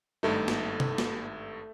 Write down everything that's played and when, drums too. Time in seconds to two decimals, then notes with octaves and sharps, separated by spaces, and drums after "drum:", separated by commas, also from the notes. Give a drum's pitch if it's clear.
0.23 G#1 G2 A3 D#4
0.48 drum: snare
0.80 drum: tom C3
0.98 drum: snare